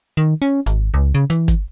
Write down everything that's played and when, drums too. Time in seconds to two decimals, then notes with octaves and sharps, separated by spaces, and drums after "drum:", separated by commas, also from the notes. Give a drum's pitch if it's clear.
0.17 D#3
0.42 C#4
0.66 G#1, drum: hi-hat
0.94 C#2
1.15 C#3
1.30 E3, drum: hi-hat
1.48 drum: kick G1, hi-hat